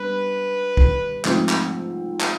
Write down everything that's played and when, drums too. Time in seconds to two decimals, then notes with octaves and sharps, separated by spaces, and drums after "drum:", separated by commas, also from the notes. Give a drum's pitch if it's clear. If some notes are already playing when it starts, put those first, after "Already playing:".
Already playing: G3 B3 D4 B4
0.77 drum: kick
1.25 G#2 F3 A3 C4, drum: clap
1.49 drum: clap
2.21 drum: clap